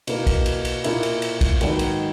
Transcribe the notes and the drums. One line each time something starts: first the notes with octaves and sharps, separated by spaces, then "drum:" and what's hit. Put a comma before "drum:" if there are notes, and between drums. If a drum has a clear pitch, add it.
B2 A#3 E4, drum: cymbal
drum: kick, cymbal
drum: cymbal
drum: cymbal
A#2 A#3 E4, drum: cymbal
drum: cymbal
drum: cymbal
drum: kick, cymbal
G#2 D#3 F#3 B3 D#4, drum: cymbal
drum: cymbal